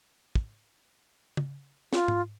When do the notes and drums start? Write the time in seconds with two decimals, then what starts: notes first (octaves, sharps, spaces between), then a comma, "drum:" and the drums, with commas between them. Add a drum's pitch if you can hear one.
0.35 drum: kick
1.37 drum: tom
1.93 F4, drum: snare
2.08 drum: tom G#2